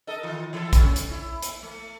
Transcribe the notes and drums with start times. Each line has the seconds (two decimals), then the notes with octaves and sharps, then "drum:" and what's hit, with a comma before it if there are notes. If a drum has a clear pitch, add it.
0.07 A4 A#4 D#5
0.23 D#3 F4
0.53 E3 E4 A4
0.73 C#3 C#4, drum: kick A#1, hi-hat
0.96 drum: hi-hat
1.11 E4
1.42 drum: hi-hat
1.63 A3